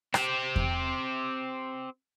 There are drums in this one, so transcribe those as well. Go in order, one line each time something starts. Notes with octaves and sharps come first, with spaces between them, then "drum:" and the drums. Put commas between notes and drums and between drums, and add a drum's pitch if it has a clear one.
C4 G4, drum: rim click
drum: kick E2